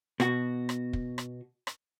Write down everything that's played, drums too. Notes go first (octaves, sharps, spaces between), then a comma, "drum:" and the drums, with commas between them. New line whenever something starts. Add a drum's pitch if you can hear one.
B2 F#4, drum: rim click
drum: rim click
drum: kick
drum: rim click
drum: rim click